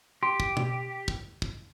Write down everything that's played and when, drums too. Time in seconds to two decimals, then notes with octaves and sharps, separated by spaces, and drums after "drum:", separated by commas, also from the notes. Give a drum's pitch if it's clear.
0.23 G4 C6
0.40 drum: kick
0.57 drum: tom B2
1.08 drum: kick
1.42 drum: kick